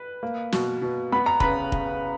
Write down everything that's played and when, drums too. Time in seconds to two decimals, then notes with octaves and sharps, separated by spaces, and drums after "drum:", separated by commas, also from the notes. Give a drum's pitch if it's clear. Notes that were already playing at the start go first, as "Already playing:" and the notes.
Already playing: B4
0.23 A#3
0.52 B2, drum: snare
0.82 B2
1.12 B3 B5
1.26 A#5
1.40 C#3 B4 B5, drum: kick
1.72 C#3, drum: kick